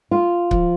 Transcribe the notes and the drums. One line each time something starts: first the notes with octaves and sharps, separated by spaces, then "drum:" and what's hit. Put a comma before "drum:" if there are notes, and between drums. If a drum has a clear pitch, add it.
F4
F3, drum: kick C#1